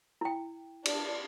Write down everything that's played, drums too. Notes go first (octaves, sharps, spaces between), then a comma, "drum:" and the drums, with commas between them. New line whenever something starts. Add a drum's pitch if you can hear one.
E4 G5
D4, drum: cymbal